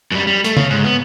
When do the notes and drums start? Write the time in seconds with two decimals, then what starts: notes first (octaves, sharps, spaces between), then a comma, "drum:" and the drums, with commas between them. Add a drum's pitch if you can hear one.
0.12 F#2 G3
0.27 G3
0.45 A3, drum: hi-hat
0.57 C#5 F5, drum: tom C#3
0.70 G#2
0.84 B3